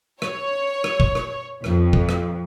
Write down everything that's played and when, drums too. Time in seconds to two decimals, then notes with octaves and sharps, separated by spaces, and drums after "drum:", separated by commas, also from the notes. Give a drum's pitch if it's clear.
0.22 C#5, drum: rim click
0.84 drum: rim click
1.00 drum: kick
1.15 drum: rim click
1.64 F2, drum: rim click
1.93 drum: kick
2.09 drum: rim click